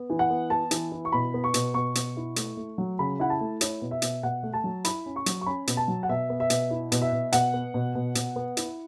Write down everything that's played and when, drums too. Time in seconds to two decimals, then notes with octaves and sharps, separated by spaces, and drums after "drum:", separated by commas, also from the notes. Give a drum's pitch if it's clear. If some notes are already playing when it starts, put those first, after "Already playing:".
Already playing: B3
0.10 E3
0.19 F#5
0.30 B3
0.50 B3 A5
0.71 E3, drum: hi-hat
0.92 E4
1.05 C#6
1.12 B2 B5
1.34 B3
1.44 C#6
1.54 B2, drum: hi-hat
1.74 B2 C#6
1.95 B2, drum: hi-hat
2.17 E4
2.36 A3, drum: hi-hat
2.57 A3
2.78 F#3
2.99 C#3 B5
3.20 E4 F#5
3.30 A5
3.41 A3
3.61 E4 C#5, drum: hi-hat
3.82 B2
3.91 E5
4.02 B2, drum: hi-hat
4.23 B2 F#5
4.43 A3
4.53 A5
4.64 F#3
4.85 E4 B5, drum: hi-hat
5.06 C#4
5.16 C#6
5.26 F#3, drum: hi-hat
5.41 C#6
5.46 C#4 B5
5.67 B2, drum: hi-hat
5.77 A5
5.88 F#3
6.03 F#5
6.09 B2 E5
6.30 B3
6.40 E5
6.50 B2, drum: hi-hat
6.70 E4
6.92 B2, drum: hi-hat
7.02 E5
7.12 B2
7.32 B2 F#5, drum: hi-hat
7.54 B3
7.74 B2
7.95 B2
8.15 B2, drum: hi-hat
8.36 B3
8.57 E4, drum: hi-hat